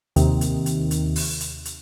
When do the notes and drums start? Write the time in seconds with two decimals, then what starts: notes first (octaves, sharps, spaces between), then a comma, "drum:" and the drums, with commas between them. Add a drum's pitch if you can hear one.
0.16 D#2 C3, drum: hi-hat
0.41 drum: hi-hat
0.66 drum: hi-hat
0.91 drum: hi-hat
1.16 drum: open hi-hat
1.41 drum: hi-hat
1.65 drum: hi-hat